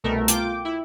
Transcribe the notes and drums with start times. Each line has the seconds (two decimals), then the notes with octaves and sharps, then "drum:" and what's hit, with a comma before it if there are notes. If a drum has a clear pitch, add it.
0.04 C2 B2 A3 A#4
0.28 F4 G5 D6, drum: hi-hat
0.65 E4